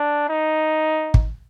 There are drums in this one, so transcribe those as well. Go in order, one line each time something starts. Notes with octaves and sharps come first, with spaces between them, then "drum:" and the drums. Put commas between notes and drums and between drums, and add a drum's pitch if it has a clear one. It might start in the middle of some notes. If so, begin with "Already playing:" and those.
Already playing: D4
D#4
drum: kick